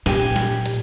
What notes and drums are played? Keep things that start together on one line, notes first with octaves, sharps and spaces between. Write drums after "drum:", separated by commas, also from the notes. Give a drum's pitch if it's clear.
A#2 G4 G#5, drum: snare
drum: snare
drum: hi-hat